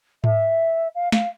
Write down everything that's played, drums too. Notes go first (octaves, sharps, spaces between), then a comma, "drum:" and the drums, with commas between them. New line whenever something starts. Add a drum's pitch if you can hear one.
E5, drum: tom G#2
F5
F5, drum: snare